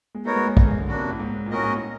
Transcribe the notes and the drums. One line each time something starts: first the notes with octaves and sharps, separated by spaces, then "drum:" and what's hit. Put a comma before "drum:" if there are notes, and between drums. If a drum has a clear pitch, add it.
G#3
A3 B3 D#4 F#4 A#4 C#5
G#3
G#3
A3, drum: kick
G#3
D3
C#3 A#3 D4 F#4
C3
A2
G#2
A#2
A2 C#4 F#4 A#4 D#5
G#2
A2